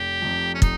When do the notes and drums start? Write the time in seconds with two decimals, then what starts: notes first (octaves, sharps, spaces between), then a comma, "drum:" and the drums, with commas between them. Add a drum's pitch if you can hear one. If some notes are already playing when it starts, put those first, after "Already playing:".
Already playing: F1 G4
0.22 F2 C3
0.54 C#4
0.62 D#4, drum: kick